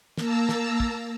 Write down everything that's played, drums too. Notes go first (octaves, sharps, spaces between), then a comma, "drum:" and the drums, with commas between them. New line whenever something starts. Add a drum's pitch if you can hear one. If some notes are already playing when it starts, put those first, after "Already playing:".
A#3 A5 A#5 E6, drum: snare
drum: snare
drum: kick